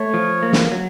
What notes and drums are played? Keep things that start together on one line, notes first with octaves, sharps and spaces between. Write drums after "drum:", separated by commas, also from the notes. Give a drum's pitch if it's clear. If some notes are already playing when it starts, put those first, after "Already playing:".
Already playing: A3 C#5
F3
A#3
drum: snare
F#3